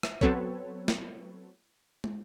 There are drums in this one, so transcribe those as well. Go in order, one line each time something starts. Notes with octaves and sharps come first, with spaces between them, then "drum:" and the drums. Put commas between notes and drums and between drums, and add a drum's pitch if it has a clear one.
drum: rim click
F#3 B3 C4 A4 B4 C#5, drum: kick
drum: snare
drum: tom